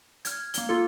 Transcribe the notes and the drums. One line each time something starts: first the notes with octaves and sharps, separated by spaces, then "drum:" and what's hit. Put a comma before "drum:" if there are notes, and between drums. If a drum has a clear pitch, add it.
F6 G#6, drum: hi-hat
A#3 G7, drum: hi-hat
A#3 F4 A4